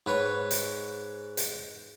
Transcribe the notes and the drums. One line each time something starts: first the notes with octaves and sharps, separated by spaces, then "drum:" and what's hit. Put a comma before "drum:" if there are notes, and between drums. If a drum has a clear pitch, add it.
G#2 B4 C#5 C#6
drum: hi-hat
drum: hi-hat